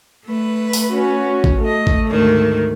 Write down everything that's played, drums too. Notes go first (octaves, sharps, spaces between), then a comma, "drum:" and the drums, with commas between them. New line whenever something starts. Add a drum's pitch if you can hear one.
A3 B4
drum: open hi-hat
C#4 F#4
drum: kick A1
A3 D#5
drum: kick A1
D2 G#2 D#3